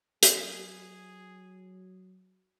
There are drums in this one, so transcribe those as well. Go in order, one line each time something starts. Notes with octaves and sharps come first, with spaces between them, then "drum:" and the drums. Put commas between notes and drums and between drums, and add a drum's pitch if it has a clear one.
F#3 G#4, drum: hi-hat